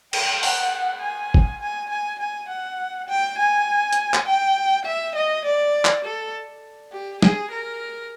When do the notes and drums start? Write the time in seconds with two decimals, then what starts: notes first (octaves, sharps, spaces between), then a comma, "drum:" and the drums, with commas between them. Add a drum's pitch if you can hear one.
0.13 G5, drum: cymbal
0.43 F#5, drum: open hi-hat
1.01 G#5
1.34 drum: kick G1
1.61 G#5
1.90 G#5
2.19 G#5
2.49 F#5
3.09 G5
3.38 G#5
3.93 drum: hi-hat
4.14 drum: clap
4.26 G5
4.85 E5
5.15 D#5
5.45 D5
5.85 drum: clap
6.04 A4
6.92 G4
7.22 G#4, drum: snare
7.51 A#4